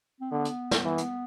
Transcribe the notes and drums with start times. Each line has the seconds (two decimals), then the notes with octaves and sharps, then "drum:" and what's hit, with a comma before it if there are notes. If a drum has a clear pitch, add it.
0.21 C4
0.31 D3 B3
0.45 drum: hi-hat
0.71 drum: snare
0.85 E3
0.98 drum: hi-hat